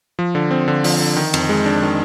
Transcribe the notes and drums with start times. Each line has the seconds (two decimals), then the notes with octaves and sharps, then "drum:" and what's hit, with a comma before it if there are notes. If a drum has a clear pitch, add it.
0.19 F3
0.35 D3
0.51 C4
0.68 D3
0.84 F3, drum: open hi-hat
1.00 D3
1.16 D#3
1.34 F2, drum: cymbal
1.49 G#3
1.66 D4
1.82 D#3